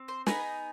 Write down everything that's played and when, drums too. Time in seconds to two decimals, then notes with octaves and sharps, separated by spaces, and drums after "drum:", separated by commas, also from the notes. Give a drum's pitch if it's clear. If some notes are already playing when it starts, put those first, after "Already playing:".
Already playing: C4
0.08 C5
0.27 B3 D#4 G#4 B4, drum: snare